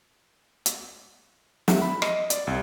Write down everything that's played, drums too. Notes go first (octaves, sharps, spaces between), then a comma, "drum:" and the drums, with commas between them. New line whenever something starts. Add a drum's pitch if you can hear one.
drum: hi-hat
E5, drum: snare
B5
D#5, drum: rim click
D5, drum: hi-hat
C2